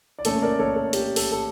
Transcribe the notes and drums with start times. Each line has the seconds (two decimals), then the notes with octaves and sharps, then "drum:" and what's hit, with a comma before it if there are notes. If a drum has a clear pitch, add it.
0.19 D5
0.25 A#2 A3 C#4 A4 C#5, drum: hi-hat
0.42 A#4 D5
0.59 A4 C#5
0.76 A4
0.93 G4, drum: hi-hat
1.16 A4, drum: open hi-hat
1.32 A4